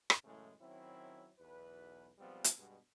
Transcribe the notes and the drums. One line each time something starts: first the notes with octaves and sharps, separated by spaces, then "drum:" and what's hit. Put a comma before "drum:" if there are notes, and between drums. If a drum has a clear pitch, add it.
drum: rim click
F#2 A2 C#3 E3 G#3 A3
D#3 F#3 C4 C#4 E4
B1 E2 B4
B1 F3 G3 G#3 B3 C4
drum: hi-hat
G2 B2 G3 G#3 B3